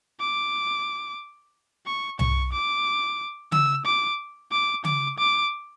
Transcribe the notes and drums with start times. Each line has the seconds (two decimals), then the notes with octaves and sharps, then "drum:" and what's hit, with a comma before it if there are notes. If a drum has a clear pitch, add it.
0.20 D6
1.86 C#6
2.19 C#6, drum: tom C2
2.52 D6
3.52 E6, drum: tom C#3
3.85 D6
4.52 D6
4.85 D6, drum: tom C#3
5.18 D6